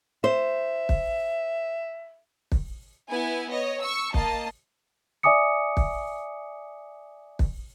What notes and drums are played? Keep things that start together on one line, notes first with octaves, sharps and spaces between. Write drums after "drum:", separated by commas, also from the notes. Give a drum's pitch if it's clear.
C5 E5
drum: kick
drum: kick
B3 E4 G#5
C#5 D#5
C#6 E6
A#3 D#5 A5, drum: kick
D5 E5 G#5 D6 D#6 C#7
drum: kick
drum: kick